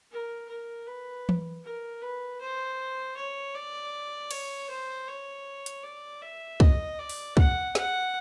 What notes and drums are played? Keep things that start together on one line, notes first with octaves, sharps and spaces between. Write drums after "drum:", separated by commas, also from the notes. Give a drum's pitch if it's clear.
A#4
A#4
B4
drum: tom E3
A#4
B4
C5
C#5
D5
C#5, drum: cymbal
C5
C#5
drum: hi-hat
D5
E5
D#5, drum: kick
D5
drum: open hi-hat
F#5, drum: kick
F#5, drum: snare